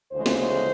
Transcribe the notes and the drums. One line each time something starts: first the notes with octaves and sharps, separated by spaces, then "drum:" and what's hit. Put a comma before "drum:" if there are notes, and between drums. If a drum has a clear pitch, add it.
D2 C#3 E3 G#3 C5
drum: snare